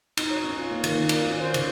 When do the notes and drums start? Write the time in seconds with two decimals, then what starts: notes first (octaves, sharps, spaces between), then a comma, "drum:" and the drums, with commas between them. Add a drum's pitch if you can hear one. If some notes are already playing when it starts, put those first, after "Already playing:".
0.17 D#4, drum: cymbal
0.31 C#5
0.44 C#4
0.57 F4
0.71 A#3
0.84 D#3, drum: cymbal
0.95 A#3
1.09 D5, drum: cymbal
1.26 C#4
1.40 C5
1.54 C#3, drum: cymbal